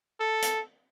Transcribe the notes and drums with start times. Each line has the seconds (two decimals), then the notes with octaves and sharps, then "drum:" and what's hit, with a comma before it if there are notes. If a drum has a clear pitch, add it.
0.20 A4
0.42 drum: hi-hat